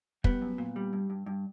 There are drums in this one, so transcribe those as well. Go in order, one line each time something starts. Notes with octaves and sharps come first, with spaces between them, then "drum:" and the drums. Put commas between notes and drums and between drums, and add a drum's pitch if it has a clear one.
G3 B3, drum: kick
F#2
A#2
G3
G2
G2
G2